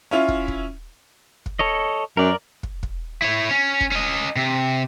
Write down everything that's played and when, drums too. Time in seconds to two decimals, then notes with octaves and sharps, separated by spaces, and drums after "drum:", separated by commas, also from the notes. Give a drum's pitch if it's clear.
0.11 C#4 E4 F4
0.28 drum: kick
0.48 drum: kick
1.46 drum: kick
1.59 A4 C#5 D#5
2.17 F#2 A#4 D5
2.63 drum: kick
2.83 drum: kick
3.22 E4 C#5
3.51 C#4
3.81 drum: kick
3.92 C#4 D#5
4.36 C3